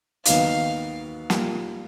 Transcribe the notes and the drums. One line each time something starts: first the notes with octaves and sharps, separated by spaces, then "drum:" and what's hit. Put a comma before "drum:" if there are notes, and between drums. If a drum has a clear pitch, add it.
D#2 D#3 F#3 B3 D#4 F5, drum: hi-hat
A#2 G3 A#3, drum: snare